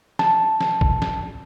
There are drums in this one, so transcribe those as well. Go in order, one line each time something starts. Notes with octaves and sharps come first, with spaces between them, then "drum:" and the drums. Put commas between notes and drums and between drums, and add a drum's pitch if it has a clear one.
A5, drum: snare
drum: snare
drum: kick A1
drum: snare